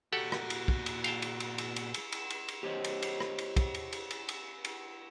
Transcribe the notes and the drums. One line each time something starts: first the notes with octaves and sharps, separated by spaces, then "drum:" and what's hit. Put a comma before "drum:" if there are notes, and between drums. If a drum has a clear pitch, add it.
A#2 F#4 G4 A4 F#5
drum: rim click
drum: cymbal
drum: kick
drum: cymbal
F5 G5 A5, drum: cymbal
drum: cymbal
drum: cymbal
drum: cymbal
drum: cymbal
drum: cymbal
drum: cymbal
drum: cymbal
drum: cymbal
G4 C5 C#5 D#5
drum: cymbal
drum: cymbal
drum: rim click
drum: cymbal
drum: kick, cymbal
drum: cymbal
drum: cymbal
drum: cymbal
drum: cymbal
drum: cymbal